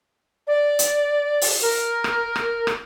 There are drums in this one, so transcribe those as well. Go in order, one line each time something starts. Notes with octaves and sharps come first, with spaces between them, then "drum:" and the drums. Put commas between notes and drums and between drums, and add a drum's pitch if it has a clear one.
D5
drum: hi-hat
drum: open hi-hat
A#4
drum: rim click
drum: rim click
drum: rim click